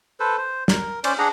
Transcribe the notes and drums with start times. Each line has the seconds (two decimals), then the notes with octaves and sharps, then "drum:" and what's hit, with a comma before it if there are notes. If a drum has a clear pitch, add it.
0.20 A4 B4 C5
0.38 C5
0.68 A#4, drum: snare
1.04 C#4 C5 D5, drum: cymbal
1.19 D4 G#4 F#5 A#5